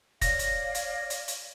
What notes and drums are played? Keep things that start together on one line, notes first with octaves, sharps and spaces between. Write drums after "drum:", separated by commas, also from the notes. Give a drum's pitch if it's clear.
C#5 D5 F5 A#6, drum: kick, hi-hat
drum: hi-hat
drum: hi-hat
drum: hi-hat
drum: hi-hat